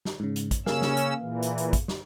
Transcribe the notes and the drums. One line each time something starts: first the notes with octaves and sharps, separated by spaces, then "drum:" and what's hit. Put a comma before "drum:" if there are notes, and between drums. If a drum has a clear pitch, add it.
drum: snare
G#2 C#3
drum: hi-hat
drum: kick, hi-hat
C#3 A#3 C#4 G#4 F5 E6, drum: snare
drum: snare
drum: hi-hat
A#2 E3
drum: hi-hat
drum: hi-hat
drum: kick, hi-hat
drum: snare